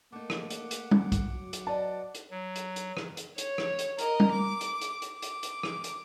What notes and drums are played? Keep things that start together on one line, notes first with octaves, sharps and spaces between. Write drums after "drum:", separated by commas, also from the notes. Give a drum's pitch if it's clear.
A3 A#3 D#4 F#5 D6
drum: rim click
drum: hi-hat
drum: hi-hat
drum: tom G3
drum: kick, hi-hat
F#3
drum: hi-hat
B4 D5 D#5 A5
drum: hi-hat
F#3
drum: hi-hat
drum: hi-hat
drum: rim click
drum: hi-hat
C#5, drum: hi-hat
drum: rim click
drum: hi-hat
A#4 D#5, drum: hi-hat
drum: tom G3
D6
drum: hi-hat
drum: hi-hat
drum: hi-hat
D6
drum: hi-hat
drum: hi-hat
drum: rim click
drum: hi-hat